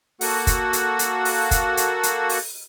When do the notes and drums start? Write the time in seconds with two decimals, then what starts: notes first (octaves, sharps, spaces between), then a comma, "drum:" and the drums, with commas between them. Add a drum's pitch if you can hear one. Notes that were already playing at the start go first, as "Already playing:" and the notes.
0.21 A#3 F#4 A4 F#5, drum: open hi-hat
0.47 drum: kick, hi-hat
0.73 drum: hi-hat
0.99 drum: hi-hat
1.25 drum: open hi-hat
1.51 drum: kick, hi-hat
1.77 drum: hi-hat
2.03 drum: hi-hat
2.29 drum: open hi-hat